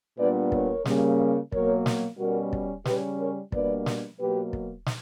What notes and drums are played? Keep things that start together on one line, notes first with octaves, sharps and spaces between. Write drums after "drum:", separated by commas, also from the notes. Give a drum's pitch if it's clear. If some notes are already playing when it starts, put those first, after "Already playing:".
A#2 G3 B3 D4 B4 D5
A#4 C#5, drum: kick
C#3 G3 A#3, drum: snare
B2 F#3 A#3 A#4 C#5, drum: kick
drum: snare
B2 G3 C#4 F#4 A#4
drum: kick
C#3 G3 C#4 G4 B4, drum: snare
A#4 C#5
B2 G3 A#3 D4 B4 D5, drum: kick
drum: snare
B2 F#3 A#3 G4 B4
drum: kick
drum: snare